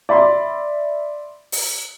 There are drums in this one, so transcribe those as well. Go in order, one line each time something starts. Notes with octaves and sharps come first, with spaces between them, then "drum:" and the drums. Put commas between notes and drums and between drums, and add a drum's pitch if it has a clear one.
D5 E5 B5 C6
drum: open hi-hat